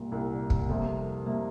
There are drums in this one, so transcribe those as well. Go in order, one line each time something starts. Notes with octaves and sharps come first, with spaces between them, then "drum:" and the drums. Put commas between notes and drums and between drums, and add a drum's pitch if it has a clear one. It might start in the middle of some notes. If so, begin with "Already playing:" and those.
Already playing: C2 A#2 G3
C2 A#2 G3
drum: kick
F2 C3 G3 A#3
C3 G3 A#3